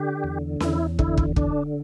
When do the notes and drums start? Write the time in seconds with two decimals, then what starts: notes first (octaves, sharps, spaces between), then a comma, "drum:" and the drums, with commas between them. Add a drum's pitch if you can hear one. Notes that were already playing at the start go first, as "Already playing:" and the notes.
Already playing: D3 G4
0.24 E2
0.60 E2 E4, drum: snare C#4
0.99 D3 E4, drum: kick
1.17 drum: kick
1.36 D3 D4, drum: kick